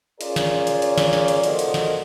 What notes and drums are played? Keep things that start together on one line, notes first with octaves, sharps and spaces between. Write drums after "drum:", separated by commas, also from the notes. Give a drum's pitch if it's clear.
C#4 F4 G#4 A#4 C#5 D5, drum: hi-hat
drum: snare
drum: hi-hat
drum: hi-hat
drum: snare
drum: snare
drum: hi-hat
A#2 D#3 F3 F#4 A4 D#5, drum: hi-hat
drum: hi-hat
drum: snare